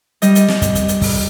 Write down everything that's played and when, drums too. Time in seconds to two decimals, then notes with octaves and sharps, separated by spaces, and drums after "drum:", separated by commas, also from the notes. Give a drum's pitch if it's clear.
0.22 G3 D#5, drum: hi-hat
0.35 drum: hi-hat
0.48 drum: snare
0.62 drum: kick, hi-hat
0.75 drum: hi-hat
0.88 drum: hi-hat
1.02 drum: kick, open hi-hat